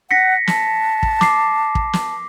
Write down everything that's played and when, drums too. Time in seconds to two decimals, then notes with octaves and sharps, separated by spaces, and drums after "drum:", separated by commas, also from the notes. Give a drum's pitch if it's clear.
0.11 F#5 A#6 B6 C#7
0.47 A5, drum: snare
1.03 drum: kick
1.21 D6 C7, drum: snare
1.75 drum: kick
1.93 drum: snare